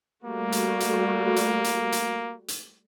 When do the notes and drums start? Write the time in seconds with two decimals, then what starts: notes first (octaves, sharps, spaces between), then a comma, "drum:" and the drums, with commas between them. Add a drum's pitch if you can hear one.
0.24 G3 A3 A#3 F#4
0.52 drum: hi-hat
0.80 drum: hi-hat
1.36 drum: hi-hat
1.64 drum: hi-hat
1.92 drum: hi-hat
2.48 drum: hi-hat